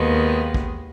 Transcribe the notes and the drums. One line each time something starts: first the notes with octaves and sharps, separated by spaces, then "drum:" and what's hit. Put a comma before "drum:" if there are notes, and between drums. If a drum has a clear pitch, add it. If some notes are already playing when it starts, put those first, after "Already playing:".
Already playing: D#2 D#3 G#3 B3
drum: kick